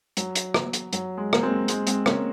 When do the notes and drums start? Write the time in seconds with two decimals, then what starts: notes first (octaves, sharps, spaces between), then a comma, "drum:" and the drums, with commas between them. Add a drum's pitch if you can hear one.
0.17 F#3, drum: hi-hat
0.35 drum: hi-hat
0.54 drum: rim click
0.73 drum: hi-hat
0.93 F#3, drum: hi-hat
1.17 G#3
1.33 A#3, drum: rim click
1.43 G#3 C4
1.68 G#3 C4, drum: hi-hat
1.87 G#3 C4, drum: hi-hat
2.06 A#3 C#4, drum: rim click